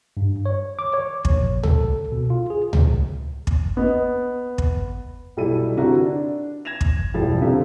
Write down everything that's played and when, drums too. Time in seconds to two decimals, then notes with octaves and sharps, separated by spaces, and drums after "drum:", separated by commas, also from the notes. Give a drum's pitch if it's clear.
0.17 G2
0.46 C#5
0.79 D6
0.94 C#5
1.25 A#1, drum: kick
1.63 A4, drum: tom C#2
2.12 B2
2.30 F4
2.50 G#4
2.73 drum: tom C#2
3.47 drum: kick
3.77 B3 D#5
4.58 drum: kick
5.37 B1 F#3 G3 E4 A4 D#7
5.77 D3 C4 E4 F#4 G4 A#4
6.06 D4
6.65 G#6 A#6 E7 F7
6.81 drum: kick
7.14 E1 F3 G3 E4 A6
7.41 D3 C4 F4 G4 A4 A#4